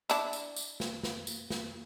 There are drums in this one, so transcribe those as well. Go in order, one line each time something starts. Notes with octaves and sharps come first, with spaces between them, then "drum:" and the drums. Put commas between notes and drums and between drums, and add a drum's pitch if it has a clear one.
D4 E4, drum: tambourine
drum: tambourine
drum: tambourine
drum: snare
drum: snare
drum: tambourine
drum: snare